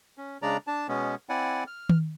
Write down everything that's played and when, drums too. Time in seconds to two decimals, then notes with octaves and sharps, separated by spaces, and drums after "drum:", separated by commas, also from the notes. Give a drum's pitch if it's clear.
0.18 C#4
0.42 C#3 G#3 D4 D5 A#5
0.67 D4 A5
0.88 B2 G#3 B3 C#4
1.29 C4 E4 D5 F#5 G#5
1.67 F6
1.89 drum: tom D#3